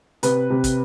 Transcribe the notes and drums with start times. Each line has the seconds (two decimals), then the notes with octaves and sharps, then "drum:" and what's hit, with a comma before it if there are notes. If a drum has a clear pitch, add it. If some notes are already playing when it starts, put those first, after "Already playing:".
0.23 C3 B4, drum: hi-hat
0.50 C3
0.64 drum: kick, hi-hat